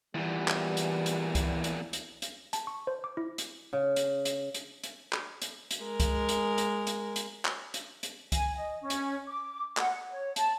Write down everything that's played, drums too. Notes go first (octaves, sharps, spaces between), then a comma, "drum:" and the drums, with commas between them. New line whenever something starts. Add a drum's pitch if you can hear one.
E2 A#2 E3 G3
drum: clap
drum: hi-hat
drum: hi-hat
drum: kick C#2, hi-hat
drum: hi-hat
drum: hi-hat
drum: hi-hat
A5, drum: hi-hat
C#6
C5
D6
E4
drum: hi-hat
C#3
drum: hi-hat
drum: hi-hat
drum: hi-hat
drum: hi-hat
drum: clap
drum: hi-hat
drum: hi-hat
G#3 A#4
drum: kick C#2, hi-hat
drum: hi-hat
drum: hi-hat
drum: hi-hat
drum: hi-hat
drum: clap
drum: hi-hat
drum: hi-hat
G#5, drum: kick C#2, hi-hat
D#5
C#4
drum: hi-hat
D6
F#5, drum: clap
C#5
A5, drum: hi-hat